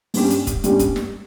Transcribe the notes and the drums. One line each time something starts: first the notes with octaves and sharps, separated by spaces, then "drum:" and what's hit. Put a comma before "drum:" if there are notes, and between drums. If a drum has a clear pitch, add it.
G2 G3 C#4 G4, drum: open hi-hat
drum: hi-hat
drum: kick, hi-hat
G2 G3 C#4 G4, drum: hi-hat
drum: kick, hi-hat
drum: snare